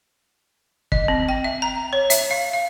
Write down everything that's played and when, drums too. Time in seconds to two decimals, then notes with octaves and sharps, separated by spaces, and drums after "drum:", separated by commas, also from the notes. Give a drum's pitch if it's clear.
0.92 D#5, drum: kick
1.08 C4
1.29 G5
1.44 E5
1.62 A#5
1.93 C#5
2.10 E5, drum: hi-hat
2.31 F5
2.53 F5